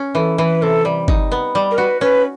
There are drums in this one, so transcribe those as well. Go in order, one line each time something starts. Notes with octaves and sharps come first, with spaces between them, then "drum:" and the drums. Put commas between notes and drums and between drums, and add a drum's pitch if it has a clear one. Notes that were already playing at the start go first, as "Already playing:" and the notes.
Already playing: C#4
E3 A4
E3 B4
C3 A4
G3
D#4, drum: kick G1
B3
G3
A#4
F#4 B4
C#4 B4